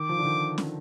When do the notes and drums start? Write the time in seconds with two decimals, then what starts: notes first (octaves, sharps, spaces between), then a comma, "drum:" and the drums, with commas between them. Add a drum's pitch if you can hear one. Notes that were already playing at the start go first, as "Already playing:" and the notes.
Already playing: D#3 D6
0.09 F3
0.19 D3
0.25 D#3
0.58 drum: snare